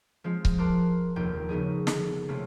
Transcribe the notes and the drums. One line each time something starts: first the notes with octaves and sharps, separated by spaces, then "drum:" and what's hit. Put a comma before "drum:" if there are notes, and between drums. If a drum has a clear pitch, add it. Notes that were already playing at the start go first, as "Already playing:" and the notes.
F3 G#3 C4 F4
drum: kick C#1
A#4 A5 C6 D6 F#6
F1 A#1 D#2 G5
C#3 B3 D#4 G#4
D3, drum: snare
C3 A3 A#3 C4 C#4